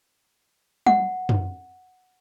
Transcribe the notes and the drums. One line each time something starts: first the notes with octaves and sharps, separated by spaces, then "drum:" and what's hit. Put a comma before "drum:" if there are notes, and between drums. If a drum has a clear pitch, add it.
F#5, drum: tom F#3
drum: tom